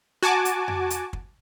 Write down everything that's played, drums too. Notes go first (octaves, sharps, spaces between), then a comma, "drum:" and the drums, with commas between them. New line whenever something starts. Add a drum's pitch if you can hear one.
F#4 G#5 A5 D6
drum: hi-hat
drum: tom F2
drum: hi-hat
drum: kick